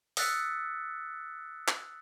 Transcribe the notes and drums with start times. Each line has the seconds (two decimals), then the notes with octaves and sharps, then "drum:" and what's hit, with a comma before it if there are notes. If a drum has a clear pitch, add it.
0.17 D#6 E6 F#6 A6 B6 C#7, drum: open hi-hat
1.68 drum: clap